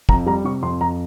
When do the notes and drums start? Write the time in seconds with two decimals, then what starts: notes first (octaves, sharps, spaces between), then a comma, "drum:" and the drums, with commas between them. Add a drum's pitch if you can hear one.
0.09 F2 A#5, drum: kick
0.26 G3 A#5
0.44 C3 C#6
0.62 F2 C6
0.81 F2 A#5